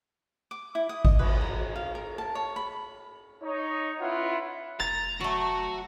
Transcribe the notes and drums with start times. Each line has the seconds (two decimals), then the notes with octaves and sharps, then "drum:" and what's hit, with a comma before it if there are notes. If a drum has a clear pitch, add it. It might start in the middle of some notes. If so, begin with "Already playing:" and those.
0.51 D6
0.75 E4
0.89 D#6
1.05 D#5, drum: kick G#1
1.19 B4, drum: cymbal
1.41 A#5
1.76 F5
1.95 A#4
2.18 A5
2.35 C#5
2.56 B5
3.42 D#4 C#5
3.99 C#4 E4 F4 B4 E5 F#5
4.80 F1 A#5 A6
5.21 F#3 A3 F#4